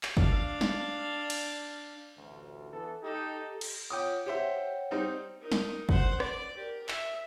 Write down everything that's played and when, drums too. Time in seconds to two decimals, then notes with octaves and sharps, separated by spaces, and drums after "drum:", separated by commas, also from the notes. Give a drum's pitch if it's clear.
0.03 drum: clap
0.17 D4 F5, drum: kick G1
0.61 drum: snare
1.30 drum: cymbal
2.17 A1 D2
2.73 E3 B3 A4
3.04 D#4 G4 A4
3.61 drum: cymbal
3.90 F4 C#5 F#5 G5 D6 D#6
4.26 G4 C5 C#5 E5 F#5 G5
4.91 G3 C4 D#4
5.42 D#4 A#4
5.52 drum: snare
5.89 C5 F#5, drum: kick G1
6.20 D5, drum: rim click
6.57 G4 A#4
6.89 E5, drum: clap